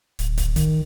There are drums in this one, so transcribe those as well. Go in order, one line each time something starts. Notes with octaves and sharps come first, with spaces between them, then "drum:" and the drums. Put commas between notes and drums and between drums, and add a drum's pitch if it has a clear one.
D1, drum: hi-hat
drum: kick, hi-hat
D#3, drum: kick, hi-hat